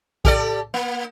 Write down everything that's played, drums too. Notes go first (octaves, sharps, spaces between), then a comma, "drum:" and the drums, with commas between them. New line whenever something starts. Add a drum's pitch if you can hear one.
G4 A4 D5, drum: kick A#1
A#3